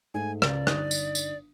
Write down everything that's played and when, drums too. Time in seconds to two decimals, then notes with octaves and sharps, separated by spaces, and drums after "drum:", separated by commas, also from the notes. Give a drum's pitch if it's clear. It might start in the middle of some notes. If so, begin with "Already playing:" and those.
0.14 G#2 A3 G#5
0.42 C#2 D5, drum: rim click
0.67 G1 D#4 D#6, drum: rim click
0.91 drum: tambourine
1.15 drum: tambourine